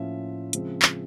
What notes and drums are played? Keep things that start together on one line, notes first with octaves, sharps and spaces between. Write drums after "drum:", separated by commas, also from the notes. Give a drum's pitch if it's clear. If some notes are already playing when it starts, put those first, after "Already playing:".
Already playing: A2 F3 A#3 C#4 F4 E5
C#3 F3 G#3 C4, drum: hi-hat
drum: clap